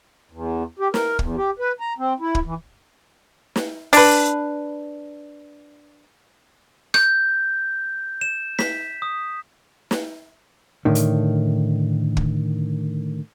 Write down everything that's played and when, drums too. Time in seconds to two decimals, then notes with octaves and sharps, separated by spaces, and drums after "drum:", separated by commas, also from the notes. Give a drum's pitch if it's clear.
0.32 E2
0.79 G4
0.94 A#4, drum: snare
1.19 E2, drum: kick
1.37 G4
1.59 B4
1.80 A#5
1.98 C4
2.20 E4
2.35 drum: kick
2.45 E3
3.56 drum: snare
3.93 D4 B4, drum: open hi-hat
6.94 G6, drum: rim click
8.21 E7
8.59 B6, drum: snare
9.02 D#6
9.91 drum: snare
10.85 A2 D3 D#3
10.95 drum: hi-hat
12.17 drum: kick